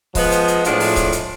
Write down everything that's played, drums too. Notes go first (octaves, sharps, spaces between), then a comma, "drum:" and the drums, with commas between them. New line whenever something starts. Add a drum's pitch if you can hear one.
F3 G#3 B3, drum: kick C#1, open hi-hat
drum: hi-hat
drum: hi-hat
A2 F3 G#3 D4, drum: hi-hat
drum: open hi-hat
drum: kick C#1, hi-hat
drum: hi-hat